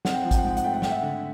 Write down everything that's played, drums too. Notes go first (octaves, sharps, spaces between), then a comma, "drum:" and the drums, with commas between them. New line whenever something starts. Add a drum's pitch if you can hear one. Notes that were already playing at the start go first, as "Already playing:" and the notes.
C4 F#5, drum: snare
G5
F3 F#5
G5, drum: kick A1, hi-hat
F#5
G#2 G5
F#5, drum: hi-hat
A3 G5
F#5
A3 G5, drum: snare
E5 F#5
D3